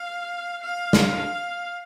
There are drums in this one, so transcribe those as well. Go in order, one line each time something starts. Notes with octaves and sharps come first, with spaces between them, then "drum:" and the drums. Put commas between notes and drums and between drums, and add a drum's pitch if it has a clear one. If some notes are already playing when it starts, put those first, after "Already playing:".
Already playing: F5
F5
drum: snare